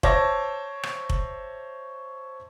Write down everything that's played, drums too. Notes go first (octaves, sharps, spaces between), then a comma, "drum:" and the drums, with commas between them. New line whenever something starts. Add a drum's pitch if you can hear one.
C5 C#5 E5 A5 D6 A#6, drum: kick F1
drum: rim click
drum: kick F1